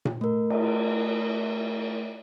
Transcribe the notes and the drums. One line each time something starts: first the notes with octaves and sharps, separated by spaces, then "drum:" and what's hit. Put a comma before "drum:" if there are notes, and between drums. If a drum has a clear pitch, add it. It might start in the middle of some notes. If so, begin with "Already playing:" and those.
drum: tom A#2
A3 A#4
drum: cymbal